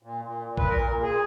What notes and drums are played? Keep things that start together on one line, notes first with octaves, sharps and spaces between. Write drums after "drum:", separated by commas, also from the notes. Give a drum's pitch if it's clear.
A#2
A#2
A#2
B4, drum: kick
A#2 A#4
A#2
G#4